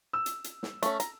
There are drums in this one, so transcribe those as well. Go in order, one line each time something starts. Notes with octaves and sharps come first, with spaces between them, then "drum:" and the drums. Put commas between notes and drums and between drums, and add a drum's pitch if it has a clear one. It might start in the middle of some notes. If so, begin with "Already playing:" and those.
E6
drum: hi-hat
drum: hi-hat
drum: snare
A3 C#4, drum: hi-hat
A#5, drum: hi-hat